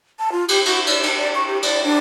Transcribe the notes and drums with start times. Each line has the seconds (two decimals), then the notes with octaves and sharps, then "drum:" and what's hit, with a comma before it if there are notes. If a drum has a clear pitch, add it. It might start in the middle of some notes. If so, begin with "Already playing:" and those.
0.19 A5
0.32 F4
0.48 G4, drum: cymbal
0.66 F#4, drum: cymbal
0.87 D5, drum: cymbal
1.03 D#4, drum: cymbal
1.17 D5
1.35 C#6
1.47 G4
1.63 D5, drum: cymbal
1.84 D4